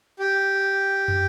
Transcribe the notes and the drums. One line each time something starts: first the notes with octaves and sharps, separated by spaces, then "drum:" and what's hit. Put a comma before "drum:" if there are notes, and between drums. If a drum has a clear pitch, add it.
G4
drum: tom